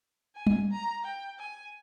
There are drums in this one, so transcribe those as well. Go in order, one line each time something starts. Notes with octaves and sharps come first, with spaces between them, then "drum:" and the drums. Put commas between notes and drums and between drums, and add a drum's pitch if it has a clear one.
G#5
drum: tom G3
A#5
G5
G#5